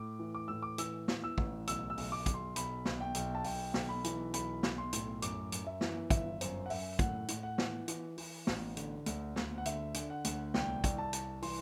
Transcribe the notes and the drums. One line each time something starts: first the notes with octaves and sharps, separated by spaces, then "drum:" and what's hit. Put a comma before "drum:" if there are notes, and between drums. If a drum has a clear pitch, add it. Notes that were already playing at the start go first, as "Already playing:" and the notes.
Already playing: A2 D6
E3
D6
A2 E6
D6
E3 E6, drum: hi-hat
E3, drum: snare
E6
A1, drum: kick
B1 E6, drum: hi-hat
E6
B1, drum: open hi-hat
D6
B1, drum: kick, hi-hat
C6
B1 B5, drum: hi-hat
B1, drum: snare
G5
B1, drum: hi-hat
A5
B1 G5, drum: open hi-hat
B1, drum: snare
B5
E3, drum: hi-hat
B1 B5, drum: hi-hat
B1, drum: snare
C6
A2, drum: hi-hat
F#2 D6, drum: hi-hat
F#2, drum: hi-hat
E5
E3, drum: snare
G1 E5, drum: kick, hi-hat
F#2 C5, drum: hi-hat
F#5
F#2 E5, drum: open hi-hat
A2 F#5, drum: kick, hi-hat
A2, drum: hi-hat
F#5
E3, drum: snare
E3, drum: hi-hat
E3, drum: open hi-hat
A1, drum: snare
D3, drum: hi-hat
D2, drum: hi-hat
D2, drum: snare
F#5
D3 E5, drum: hi-hat
D3, drum: hi-hat
F#5
D2, drum: hi-hat
C2 G5, drum: snare
C2, drum: kick, hi-hat
A5
C2, drum: hi-hat
E3 C6, drum: open hi-hat